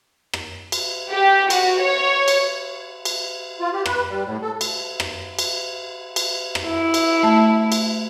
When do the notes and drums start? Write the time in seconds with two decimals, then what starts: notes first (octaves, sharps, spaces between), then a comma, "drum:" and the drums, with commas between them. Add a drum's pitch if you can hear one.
0.33 drum: rim click
0.72 drum: cymbal
1.11 G4
1.50 F#4, drum: cymbal
1.81 C#5
2.28 drum: cymbal
3.05 drum: cymbal
3.60 F4
3.74 G4
3.86 B4, drum: rim click
4.10 G3
4.25 A2
4.42 A4
4.61 drum: cymbal
5.00 drum: rim click
5.39 drum: cymbal
6.16 drum: cymbal
6.55 drum: rim click
6.65 E4
6.94 drum: cymbal
7.23 A3 A5
7.72 drum: cymbal